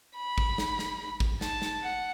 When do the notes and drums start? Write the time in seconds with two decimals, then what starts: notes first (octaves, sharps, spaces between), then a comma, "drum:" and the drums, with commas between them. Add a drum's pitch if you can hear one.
0.17 B5
0.38 drum: kick
0.58 drum: snare
0.79 drum: snare
1.20 drum: kick
1.41 A5, drum: snare
1.62 drum: snare
1.83 F#5